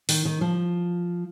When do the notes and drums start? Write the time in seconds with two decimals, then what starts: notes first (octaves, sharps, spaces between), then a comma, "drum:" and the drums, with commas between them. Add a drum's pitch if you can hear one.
0.09 D#3, drum: open hi-hat
0.25 D#3
0.41 F3